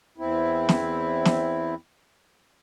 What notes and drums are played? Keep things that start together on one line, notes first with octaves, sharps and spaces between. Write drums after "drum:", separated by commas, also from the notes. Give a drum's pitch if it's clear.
E2 C4 E4
drum: snare
drum: snare